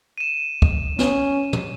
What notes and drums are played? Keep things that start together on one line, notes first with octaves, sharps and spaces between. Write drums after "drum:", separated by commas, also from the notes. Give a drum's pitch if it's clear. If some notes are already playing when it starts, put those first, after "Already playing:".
D#7 E7
drum: kick
C#4, drum: snare
drum: tom